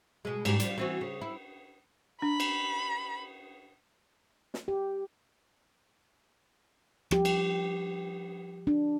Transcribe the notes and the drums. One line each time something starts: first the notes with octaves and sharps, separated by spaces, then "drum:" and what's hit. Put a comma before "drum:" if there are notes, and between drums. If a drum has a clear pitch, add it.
B2 G#3
G#2 G3 G4, drum: cymbal
F3 G3, drum: hi-hat
E3 C4 F#4
C#3
E4
D4 B5
drum: cymbal
drum: snare
G4
F3 G4, drum: rim click
drum: cymbal
D4